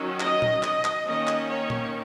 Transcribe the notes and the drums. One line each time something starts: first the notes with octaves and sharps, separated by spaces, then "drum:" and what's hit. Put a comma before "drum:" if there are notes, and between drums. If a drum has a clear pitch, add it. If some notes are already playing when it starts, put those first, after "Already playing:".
Already playing: D#3 F#3 C#4
D#5, drum: clap
drum: tom A#2
D#5, drum: clap
drum: clap
D#3 A#3 C#4 D#5
drum: clap
C#5
drum: tom A#2